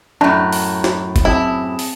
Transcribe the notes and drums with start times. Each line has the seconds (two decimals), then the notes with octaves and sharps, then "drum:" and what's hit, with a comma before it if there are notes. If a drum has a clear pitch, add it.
0.21 F#2 A2 D4 A#5 F#6
0.53 drum: open hi-hat
0.84 drum: snare
1.16 drum: kick, hi-hat
1.25 C4 E4 G#4 A5
1.79 drum: open hi-hat